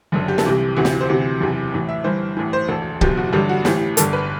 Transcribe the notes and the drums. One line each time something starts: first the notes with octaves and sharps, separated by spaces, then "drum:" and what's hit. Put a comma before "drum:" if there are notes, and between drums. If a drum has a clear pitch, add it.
F#1 F#2 D3
G4
A4, drum: snare
C2 C3 E3 G4
D2 C3 E3 F#4
G4, drum: snare
C5
D2 C3 E3
F#1 E2 C3 E3
A1 A2 E3
E5
G1 G2 E3 C5
A1 A2 E3
C5
E1 D2 D3 A4
F#1 E2 B2 G4, drum: kick
F#4
A1 G2 D3 G4
F#4
A1 A2 E3 G4, drum: snare
G1 G2 D3 A4, drum: hi-hat
B4